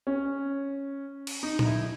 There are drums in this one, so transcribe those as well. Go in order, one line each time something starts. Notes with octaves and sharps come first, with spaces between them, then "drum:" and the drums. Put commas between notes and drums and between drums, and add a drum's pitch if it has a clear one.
C#4
drum: cymbal
D#4
D#4, drum: tom A#2
E4